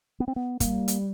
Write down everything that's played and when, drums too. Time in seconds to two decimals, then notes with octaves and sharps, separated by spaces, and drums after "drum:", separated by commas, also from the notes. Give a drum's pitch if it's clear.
0.20 B3
0.28 C4
0.36 B3
0.60 G3 A#3, drum: kick, hi-hat
0.88 drum: hi-hat